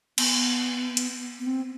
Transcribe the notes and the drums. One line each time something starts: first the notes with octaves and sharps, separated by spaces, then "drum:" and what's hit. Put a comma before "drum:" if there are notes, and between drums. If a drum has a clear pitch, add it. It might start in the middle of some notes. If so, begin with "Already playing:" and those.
B3, drum: cymbal
drum: hi-hat
B3
C4